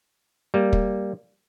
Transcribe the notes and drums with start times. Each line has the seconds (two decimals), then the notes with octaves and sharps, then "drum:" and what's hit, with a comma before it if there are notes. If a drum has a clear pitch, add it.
0.54 G3 A#3
0.73 drum: kick